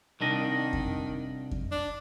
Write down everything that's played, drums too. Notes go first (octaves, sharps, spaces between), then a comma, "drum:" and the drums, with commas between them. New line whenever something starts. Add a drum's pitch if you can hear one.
C2 D#3 D4 D#5
drum: kick F2
drum: kick F2
D4